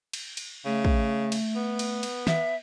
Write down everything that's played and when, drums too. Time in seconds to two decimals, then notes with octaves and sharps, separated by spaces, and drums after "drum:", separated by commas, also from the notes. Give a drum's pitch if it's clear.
0.13 drum: cymbal
0.37 drum: cymbal
0.65 C#3 A3
0.85 drum: kick
1.32 drum: cymbal
1.56 B3
1.79 drum: cymbal
2.03 drum: cymbal
2.27 E5, drum: snare